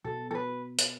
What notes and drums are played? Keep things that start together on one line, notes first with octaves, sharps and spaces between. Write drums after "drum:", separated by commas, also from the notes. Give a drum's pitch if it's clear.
B2 A4
A4
B4
drum: hi-hat